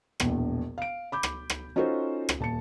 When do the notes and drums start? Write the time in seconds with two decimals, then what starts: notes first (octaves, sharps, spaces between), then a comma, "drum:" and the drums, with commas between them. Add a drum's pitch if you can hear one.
0.20 E1 A#1 E2, drum: rim click
0.78 F5 D7
1.12 B5 D6 G6
1.23 drum: rim click
1.50 drum: rim click
1.76 C#4 D#4 F4 F#4 A4 C5
2.29 drum: rim click
2.40 D#1 A5 C#7